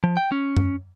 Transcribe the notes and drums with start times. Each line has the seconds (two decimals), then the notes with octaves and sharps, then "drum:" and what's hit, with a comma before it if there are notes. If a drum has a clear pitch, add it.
0.04 F3
0.17 G5
0.32 C#4
0.57 drum: tom